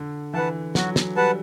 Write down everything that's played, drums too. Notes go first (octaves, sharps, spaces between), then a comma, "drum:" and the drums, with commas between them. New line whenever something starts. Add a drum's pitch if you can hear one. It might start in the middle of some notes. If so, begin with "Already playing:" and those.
Already playing: D3
E3 B4 F#5 A5
F#3 F#4, drum: snare
drum: snare
G3 B4 F#5 A5